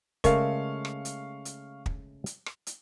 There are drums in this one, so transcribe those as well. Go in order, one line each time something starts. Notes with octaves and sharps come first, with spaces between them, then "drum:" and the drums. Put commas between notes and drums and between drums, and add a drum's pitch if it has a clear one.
C#3 G#3 A3 A#4 F5 C#6, drum: kick, hi-hat
drum: rim click
drum: hi-hat
drum: hi-hat
drum: kick
drum: hi-hat
drum: rim click
drum: hi-hat